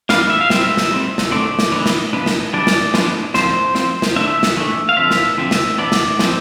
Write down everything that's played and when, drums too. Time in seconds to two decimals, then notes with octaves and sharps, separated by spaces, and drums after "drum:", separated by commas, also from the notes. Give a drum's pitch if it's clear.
0.09 E3 G3 B3 D4 F5, drum: snare
0.30 E5
0.41 F5
0.50 G3 C4 E5, drum: snare
0.77 drum: snare
0.91 G3 C4
1.18 drum: snare
1.31 D3 A3 C4 D5
1.59 drum: snare
1.72 E3 B3 D4
1.86 drum: snare
2.13 F3 B3 D4
2.26 drum: snare
2.53 E3 G3 D4 D5
2.67 drum: snare
2.94 F3 B3 D4, drum: snare
3.34 F3 C4 C5, drum: snare
3.75 F3 C4, drum: snare
4.02 drum: snare
4.16 D3 A3 D4 E5
4.43 drum: snare
4.57 E3 A3 D4
4.89 F5
4.97 D3 F3 C4 E5
5.11 drum: snare
5.38 D3 F3 C4
5.51 drum: snare
5.78 E3 B3 D4 D5
5.92 drum: snare
6.19 F3 C4, drum: snare